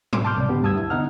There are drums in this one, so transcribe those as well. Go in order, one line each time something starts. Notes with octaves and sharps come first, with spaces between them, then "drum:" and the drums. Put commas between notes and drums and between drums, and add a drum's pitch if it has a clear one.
drum: tom
A5 C6 D6 F6 G6
C2 D5
D3 B3 G4
D2 G2 A5 D#6 E6 G#6
E4
D3 B3 D#4 F#5 F6